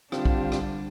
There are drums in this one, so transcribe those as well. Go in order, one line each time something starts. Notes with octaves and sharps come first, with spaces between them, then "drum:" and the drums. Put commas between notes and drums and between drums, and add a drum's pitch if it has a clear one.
D3 G3 C4 D4 F4 G4, drum: rim click
drum: kick B1
drum: rim click